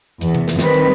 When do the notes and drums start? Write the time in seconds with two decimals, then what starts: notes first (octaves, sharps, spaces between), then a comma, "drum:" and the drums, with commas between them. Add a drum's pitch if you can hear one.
0.21 E2, drum: hi-hat
0.35 drum: tom C3
0.48 drum: snare
0.59 D#3 G3 C4 B4, drum: snare
0.74 drum: hi-hat